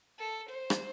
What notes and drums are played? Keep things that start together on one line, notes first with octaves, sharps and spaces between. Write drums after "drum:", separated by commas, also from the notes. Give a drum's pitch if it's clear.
A4
C5
drum: rim click